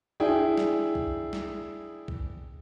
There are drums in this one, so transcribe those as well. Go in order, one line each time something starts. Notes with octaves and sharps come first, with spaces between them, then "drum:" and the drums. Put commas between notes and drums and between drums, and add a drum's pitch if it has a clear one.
D4 E4 G#4 G5
drum: snare
drum: kick B1
drum: snare
drum: kick B1